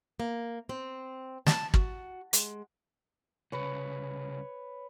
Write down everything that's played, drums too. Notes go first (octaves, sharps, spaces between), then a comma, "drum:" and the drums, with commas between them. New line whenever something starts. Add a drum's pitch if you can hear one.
A#3
C4
A5, drum: snare
F#4, drum: kick
G#3, drum: hi-hat
C2 C#3 B4 C#5